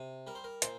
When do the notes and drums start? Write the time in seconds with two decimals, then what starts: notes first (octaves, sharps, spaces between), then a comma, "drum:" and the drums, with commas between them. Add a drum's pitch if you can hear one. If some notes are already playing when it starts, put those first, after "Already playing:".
Already playing: C3
0.27 G3 A#4
0.35 C5
0.44 A#4
0.62 A#2 C5, drum: hi-hat